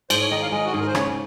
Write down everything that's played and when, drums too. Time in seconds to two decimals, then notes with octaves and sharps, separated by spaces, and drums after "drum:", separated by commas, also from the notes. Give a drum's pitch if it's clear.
0.10 G#2 C5, drum: cymbal
0.21 C#5
0.31 D#3 D#5
0.42 F5
0.52 G#3 D#5
0.65 F#4
0.73 G#2 G#4
0.80 A#4
0.87 C5
0.95 C#3 C#5, drum: rim click